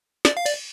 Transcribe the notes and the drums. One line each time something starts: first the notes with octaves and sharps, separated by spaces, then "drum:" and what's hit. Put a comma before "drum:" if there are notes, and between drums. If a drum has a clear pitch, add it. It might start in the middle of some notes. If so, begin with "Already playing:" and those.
D5, drum: snare
F5
D5, drum: cymbal